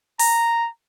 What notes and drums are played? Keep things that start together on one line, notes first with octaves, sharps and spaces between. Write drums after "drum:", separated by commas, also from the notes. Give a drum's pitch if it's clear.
A#5, drum: open hi-hat